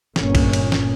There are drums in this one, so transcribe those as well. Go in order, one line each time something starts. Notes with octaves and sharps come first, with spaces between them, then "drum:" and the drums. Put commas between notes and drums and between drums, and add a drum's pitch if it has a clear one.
G1 A#2 C#4, drum: snare
drum: kick, cymbal
drum: cymbal
drum: snare